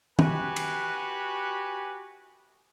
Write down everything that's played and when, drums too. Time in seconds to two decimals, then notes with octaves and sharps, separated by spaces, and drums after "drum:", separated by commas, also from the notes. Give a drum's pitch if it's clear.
0.19 F#4 G4 B4 G#5, drum: tom
0.56 drum: cymbal